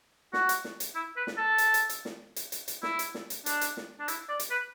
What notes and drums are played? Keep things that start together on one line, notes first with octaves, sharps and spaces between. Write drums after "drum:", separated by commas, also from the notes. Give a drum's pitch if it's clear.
F#4, drum: snare
drum: hi-hat
drum: snare
drum: hi-hat
E4
B4
drum: snare
A4
drum: hi-hat
drum: hi-hat
drum: hi-hat
drum: snare
drum: hi-hat
drum: hi-hat
drum: hi-hat
E4, drum: snare
drum: hi-hat
drum: snare
drum: hi-hat
D4, drum: hi-hat
drum: hi-hat
drum: snare
D4
E4, drum: hi-hat
D5
drum: hi-hat
B4